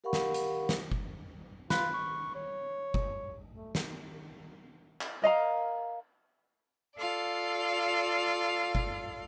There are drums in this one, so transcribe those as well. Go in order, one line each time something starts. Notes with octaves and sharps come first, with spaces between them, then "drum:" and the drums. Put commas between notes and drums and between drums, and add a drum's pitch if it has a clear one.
G4 A#4 F5 F#5 B5 C#6
drum: snare
drum: hi-hat
drum: snare
drum: kick F#1
F4 B4, drum: snare
C#6
C#5
drum: kick F#1
A3
drum: snare
drum: clap
A#4 D#5 F5 A#5
F4 A4 D5 F5
drum: kick F#1